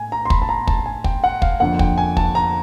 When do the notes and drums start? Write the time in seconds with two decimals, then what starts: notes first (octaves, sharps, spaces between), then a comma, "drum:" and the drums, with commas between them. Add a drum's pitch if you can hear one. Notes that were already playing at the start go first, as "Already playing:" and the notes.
Already playing: A2 G#5
0.12 A#5
0.25 C6
0.30 B5, drum: kick
0.42 A5
0.49 A#5
0.67 A5, drum: kick
0.86 G#5
1.04 G5, drum: kick
1.24 F#5
1.42 F5, drum: kick
1.60 F2 D3 F3 A#3 F#5
1.79 G5, drum: kick
1.98 G#5
2.17 A5, drum: kick
2.35 A#5